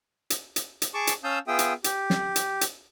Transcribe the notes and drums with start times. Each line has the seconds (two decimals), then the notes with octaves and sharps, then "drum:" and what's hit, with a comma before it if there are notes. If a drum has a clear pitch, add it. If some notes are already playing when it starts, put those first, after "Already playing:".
0.30 drum: hi-hat
0.56 drum: hi-hat
0.82 drum: hi-hat
0.94 G#4 A5 C#6 D6
1.07 drum: hi-hat
1.24 C#4 F5 A5 D#6 E6 G6
1.48 B3 F4 G#4 E5 G5 D#6
1.59 drum: hi-hat
1.84 G4, drum: hi-hat
2.10 drum: snare
2.36 drum: hi-hat
2.61 drum: hi-hat